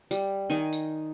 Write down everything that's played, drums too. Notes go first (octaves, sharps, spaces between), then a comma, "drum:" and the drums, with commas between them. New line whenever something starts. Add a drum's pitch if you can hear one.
G3, drum: tambourine
D#3 D#4 G#5
drum: tambourine